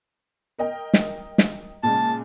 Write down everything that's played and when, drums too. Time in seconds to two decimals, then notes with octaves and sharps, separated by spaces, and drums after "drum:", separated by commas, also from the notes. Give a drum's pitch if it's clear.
0.59 A#4 D#5 G5
0.94 drum: snare
1.38 drum: snare
1.83 A#2 C#3 G#3 A5